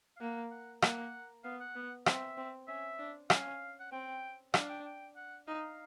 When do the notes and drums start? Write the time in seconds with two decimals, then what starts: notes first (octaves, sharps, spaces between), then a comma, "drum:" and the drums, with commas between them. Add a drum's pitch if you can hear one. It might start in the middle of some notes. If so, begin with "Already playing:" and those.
0.17 F5
0.20 A#3 F#5
0.51 F#5
0.82 A#3 F#5, drum: rim click
1.44 B3 F5
1.60 F#5
1.75 B3
2.06 C4 E5, drum: rim click
2.37 C4
2.68 C#4 E5
2.99 D4
3.30 C#4 F5, drum: rim click
3.80 F#5
3.92 C4 G5
4.54 D4 F5, drum: rim click
4.69 G5
4.86 G5
5.16 F#5
5.47 D#4 F5